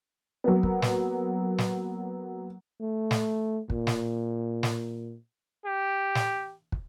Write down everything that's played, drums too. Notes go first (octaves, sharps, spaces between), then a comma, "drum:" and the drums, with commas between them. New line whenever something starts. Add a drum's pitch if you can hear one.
F#3 A#3 B3
drum: kick
drum: snare
drum: snare
A3
drum: snare
A#2, drum: kick
drum: snare
drum: snare
G4
drum: snare
drum: kick